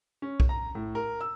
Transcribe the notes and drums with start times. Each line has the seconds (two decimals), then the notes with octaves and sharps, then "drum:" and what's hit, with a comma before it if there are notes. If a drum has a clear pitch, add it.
0.22 C#4
0.40 drum: kick B1
0.49 A#5
0.75 A2
0.95 A#4
1.21 E6